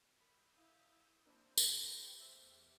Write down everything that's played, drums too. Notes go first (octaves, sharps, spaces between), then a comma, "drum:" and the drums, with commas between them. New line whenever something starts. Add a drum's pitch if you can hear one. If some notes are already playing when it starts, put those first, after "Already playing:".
A#4 B5 D#6 E6 G6
E4 F5
A#3 C4 D4 E4 C5 E6
A#2 G4 B4 G5, drum: tambourine
E2 A3 G4 C5 E5 F6